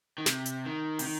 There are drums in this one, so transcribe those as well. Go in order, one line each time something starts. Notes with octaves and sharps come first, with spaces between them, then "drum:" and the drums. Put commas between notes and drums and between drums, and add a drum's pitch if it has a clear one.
D#3
C3, drum: snare
drum: hi-hat
D#3
C3, drum: open hi-hat
D#3